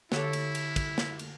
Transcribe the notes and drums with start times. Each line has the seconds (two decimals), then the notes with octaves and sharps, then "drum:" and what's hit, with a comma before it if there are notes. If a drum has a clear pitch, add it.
0.12 D3 E4 G4 A4 C#5, drum: snare
0.33 drum: cymbal
0.55 drum: cymbal
0.76 drum: kick, cymbal
0.98 drum: snare
1.19 drum: cymbal